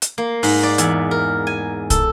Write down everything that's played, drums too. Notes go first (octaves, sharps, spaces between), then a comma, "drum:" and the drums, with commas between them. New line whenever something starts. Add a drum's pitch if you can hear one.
drum: hi-hat
A#3
G#2, drum: open hi-hat
D5
E2, drum: hi-hat
A#4
G#5
A4, drum: kick, hi-hat